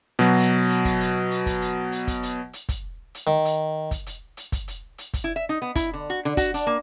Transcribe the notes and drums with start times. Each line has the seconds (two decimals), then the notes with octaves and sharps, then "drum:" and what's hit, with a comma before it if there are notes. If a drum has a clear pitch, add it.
0.19 B2 F#3
0.39 drum: hi-hat
0.70 drum: hi-hat
0.85 drum: kick, hi-hat
1.00 drum: hi-hat
1.31 drum: hi-hat
1.46 drum: kick, hi-hat
1.62 drum: hi-hat
1.92 drum: hi-hat
2.07 drum: kick, hi-hat
2.23 drum: hi-hat
2.53 drum: hi-hat
2.69 drum: kick, hi-hat
3.15 drum: hi-hat
3.27 D#3
3.45 drum: hi-hat
3.91 drum: kick, hi-hat
4.06 drum: hi-hat
4.37 drum: hi-hat
4.52 drum: kick, hi-hat
4.68 drum: hi-hat
4.98 drum: hi-hat
5.14 drum: kick, hi-hat
5.24 E4
5.36 E5
5.49 D#4
5.62 B3
5.75 E4, drum: kick, hi-hat
5.93 D3
6.10 F#4
6.25 D3
6.37 F#4, drum: kick, hi-hat
6.54 D4, drum: hi-hat
6.67 A#3